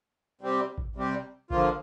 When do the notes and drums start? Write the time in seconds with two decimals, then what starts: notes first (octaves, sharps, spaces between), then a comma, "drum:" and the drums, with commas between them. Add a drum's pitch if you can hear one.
0.41 C3 G3 C4 G4
0.78 drum: kick A1
0.96 C3 G3 C4 G4
1.50 D3 F3 A#3 F4, drum: kick A1